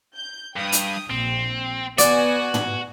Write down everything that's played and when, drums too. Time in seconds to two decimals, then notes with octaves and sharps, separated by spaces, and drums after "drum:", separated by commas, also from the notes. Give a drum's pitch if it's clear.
0.16 G6
0.56 G2 G5 D#6
0.72 drum: hi-hat
1.10 A#1 C4
1.98 B3 F#4 D5 G#5, drum: hi-hat
2.54 drum: tom